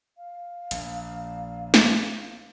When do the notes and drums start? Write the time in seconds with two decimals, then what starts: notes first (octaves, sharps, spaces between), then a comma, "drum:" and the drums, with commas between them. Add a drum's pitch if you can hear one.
0.17 F5
0.71 A#1, drum: hi-hat
1.74 drum: snare